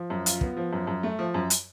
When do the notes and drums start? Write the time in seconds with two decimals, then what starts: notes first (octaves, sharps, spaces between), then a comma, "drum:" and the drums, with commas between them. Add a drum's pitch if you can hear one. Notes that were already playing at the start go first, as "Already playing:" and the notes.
Already playing: F3
0.10 F#2
0.26 F4, drum: hi-hat
0.41 B3, drum: kick
0.57 F3
0.73 F#2
0.87 F#2
1.03 A3
1.19 F3
1.34 F#2
1.50 drum: hi-hat